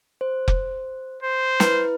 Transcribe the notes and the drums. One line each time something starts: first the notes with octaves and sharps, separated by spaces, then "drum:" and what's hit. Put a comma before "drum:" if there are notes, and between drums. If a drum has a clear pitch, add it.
C5
drum: kick F1
C5
E4 B4, drum: snare